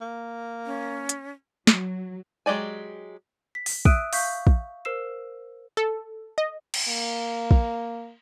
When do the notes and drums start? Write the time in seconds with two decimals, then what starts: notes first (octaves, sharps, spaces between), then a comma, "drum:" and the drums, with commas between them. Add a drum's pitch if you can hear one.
0.01 A#3
0.66 C#4
1.09 drum: hi-hat
1.67 F#3, drum: snare
2.46 F#3 G#3 G4 D5 G#5
3.55 B6
3.66 drum: open hi-hat
3.85 E5 D#6 E6 F#6 D7 D#7, drum: kick
4.13 F5 C#6 G6 B6, drum: open hi-hat
4.47 drum: kick
4.85 A#4 C5 E6 C7 E7
5.77 A4
6.38 D#5
6.74 drum: cymbal
6.88 A#3
7.51 drum: kick